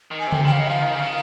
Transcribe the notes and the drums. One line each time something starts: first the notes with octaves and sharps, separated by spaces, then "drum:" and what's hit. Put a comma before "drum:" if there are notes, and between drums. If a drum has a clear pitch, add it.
D#3
G#5
C3
G5, drum: tom C#3
C#3 G5
F5
D#5
F3 F5
D#3
C#3
D#3